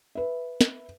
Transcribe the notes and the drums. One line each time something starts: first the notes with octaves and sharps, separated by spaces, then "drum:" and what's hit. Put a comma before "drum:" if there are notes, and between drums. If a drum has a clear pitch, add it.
B4 E5
drum: snare